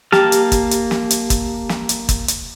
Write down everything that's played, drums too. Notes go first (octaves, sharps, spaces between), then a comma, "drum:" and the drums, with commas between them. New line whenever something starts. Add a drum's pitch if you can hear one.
A#3 G4 A5 F6, drum: snare
drum: hi-hat
drum: kick, hi-hat
drum: hi-hat
drum: snare
drum: hi-hat
drum: kick, hi-hat
drum: snare
drum: hi-hat
drum: kick, hi-hat
drum: hi-hat